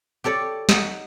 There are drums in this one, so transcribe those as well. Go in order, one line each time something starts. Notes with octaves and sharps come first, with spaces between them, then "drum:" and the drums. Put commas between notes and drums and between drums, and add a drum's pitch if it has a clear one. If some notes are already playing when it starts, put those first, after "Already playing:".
G4 A4 C#5 D5
D#4 F#5, drum: snare